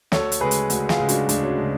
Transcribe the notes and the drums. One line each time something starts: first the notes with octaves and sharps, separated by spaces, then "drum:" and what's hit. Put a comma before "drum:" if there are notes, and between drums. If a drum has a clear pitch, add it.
D2 A4 C#5, drum: snare
drum: hi-hat
C#3 G#3 G#4 B4
drum: hi-hat
D2, drum: hi-hat
F4 G#4, drum: snare
C#3 G#3
D4 F#4, drum: hi-hat
D2 D4, drum: hi-hat
C#4
G#3
C#3